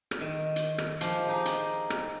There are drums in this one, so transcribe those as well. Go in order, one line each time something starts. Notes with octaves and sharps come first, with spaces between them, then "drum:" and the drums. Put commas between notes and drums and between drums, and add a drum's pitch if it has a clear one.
drum: rim click
D#3
drum: hi-hat
drum: rim click
F3 G#3 F4 G4, drum: hi-hat
D#4 G4 G#4
drum: hi-hat
drum: rim click